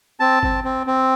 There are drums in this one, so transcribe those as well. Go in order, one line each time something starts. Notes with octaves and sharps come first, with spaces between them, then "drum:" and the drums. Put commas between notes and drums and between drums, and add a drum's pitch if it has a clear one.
C4 A5
C4, drum: kick G1
C4
C4